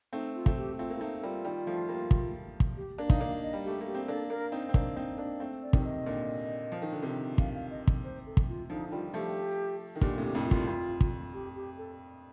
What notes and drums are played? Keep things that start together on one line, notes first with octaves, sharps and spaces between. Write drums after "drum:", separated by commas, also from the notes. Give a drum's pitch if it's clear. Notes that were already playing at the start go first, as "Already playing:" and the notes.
A3 C4 D#4
F4
A3 C4, drum: kick
G4
A3 C4 F4
A#3
F4
A3 C4 D#4
G3 A#3 F4
D#3 G3
F3 A3
G3 A#3
drum: kick
drum: kick
G4
A#3 D4
D#4 F5, drum: kick
A#3 D4
D#5
G3
A3 G4
A#3
G4
C4
A#3 D4 A4
A#3 D4 A#4
C4 D#4
C4
A#3 D4, drum: kick
C4 D#4
A#3 D4
A3 C4
D5
C3 D#3, drum: kick
D#5
A#2 D3
F3
D#3
D3
C3 D#3
F5, drum: kick
F5
D#5
drum: kick
C5
A4
drum: kick
F4
D3 F3 D#4
D#3 G3 F4
F3 A3 G4
D#3
A#2 D3 G4, drum: kick
A2 C3
G4
F2 A2
F4
G2, drum: kick
F2
drum: kick
G4
G4
A4